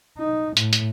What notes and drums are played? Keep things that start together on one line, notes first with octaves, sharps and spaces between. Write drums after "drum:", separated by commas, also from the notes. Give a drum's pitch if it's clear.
D#4
A2, drum: hi-hat
drum: hi-hat